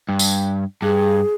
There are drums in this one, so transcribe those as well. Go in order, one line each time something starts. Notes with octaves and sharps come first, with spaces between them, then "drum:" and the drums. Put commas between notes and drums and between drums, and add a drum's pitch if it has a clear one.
G2
drum: tambourine
G2 G#4